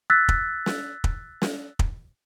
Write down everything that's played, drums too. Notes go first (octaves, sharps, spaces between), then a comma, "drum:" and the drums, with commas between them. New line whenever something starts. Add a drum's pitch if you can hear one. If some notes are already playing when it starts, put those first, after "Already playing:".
E6 F#6 A6 B6
drum: kick
drum: snare
drum: kick
drum: snare
drum: kick